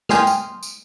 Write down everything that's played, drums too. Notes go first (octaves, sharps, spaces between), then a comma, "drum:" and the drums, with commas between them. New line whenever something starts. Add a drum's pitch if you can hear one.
G5 G#5 C6 D#6 F6, drum: snare
drum: tambourine
drum: tambourine